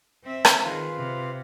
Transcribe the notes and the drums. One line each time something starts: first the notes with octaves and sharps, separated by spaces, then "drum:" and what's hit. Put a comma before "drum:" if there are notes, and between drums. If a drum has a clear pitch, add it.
C4 E5
drum: rim click
D#3 F4 G#4 B4 F5
C3